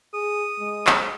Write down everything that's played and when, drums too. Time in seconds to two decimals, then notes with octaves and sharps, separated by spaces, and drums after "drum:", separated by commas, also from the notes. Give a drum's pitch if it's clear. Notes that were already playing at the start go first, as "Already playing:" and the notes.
0.14 G#4 D#6
0.60 G#3
0.87 drum: clap